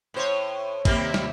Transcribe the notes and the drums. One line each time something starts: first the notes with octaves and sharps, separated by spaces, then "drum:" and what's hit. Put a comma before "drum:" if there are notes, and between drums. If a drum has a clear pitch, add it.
A2 C5 C#5
D#2 C3 G3 A#3 C4 E5, drum: kick, cymbal
drum: snare